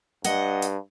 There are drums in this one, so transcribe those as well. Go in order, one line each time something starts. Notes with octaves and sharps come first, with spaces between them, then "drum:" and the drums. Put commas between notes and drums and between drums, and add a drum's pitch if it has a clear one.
G2 D#5 F#5, drum: hi-hat
drum: hi-hat